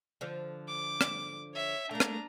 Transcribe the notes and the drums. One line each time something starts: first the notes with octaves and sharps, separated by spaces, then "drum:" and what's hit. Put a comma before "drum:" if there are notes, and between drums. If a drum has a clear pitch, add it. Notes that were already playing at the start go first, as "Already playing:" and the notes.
D3 F3
D6
drum: rim click
C#5 E5
A3 A#3 D4 A#5
drum: rim click